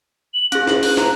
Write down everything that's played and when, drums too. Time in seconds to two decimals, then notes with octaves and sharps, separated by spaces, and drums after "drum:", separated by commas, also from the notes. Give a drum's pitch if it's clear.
0.34 F#7
0.52 C#4 G#4 F#6, drum: hi-hat
0.67 drum: snare
0.83 drum: open hi-hat
0.97 A#5, drum: snare